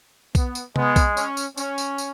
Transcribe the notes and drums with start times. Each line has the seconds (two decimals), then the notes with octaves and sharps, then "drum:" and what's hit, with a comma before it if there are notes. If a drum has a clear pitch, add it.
0.35 B3, drum: kick B1, tambourine
0.55 drum: tambourine
0.76 G#3 B3, drum: tom C3
0.96 drum: kick B1, tambourine
1.17 C#4, drum: tambourine
1.37 drum: tambourine
1.57 C#4, drum: tambourine
1.78 drum: tambourine
1.98 drum: tambourine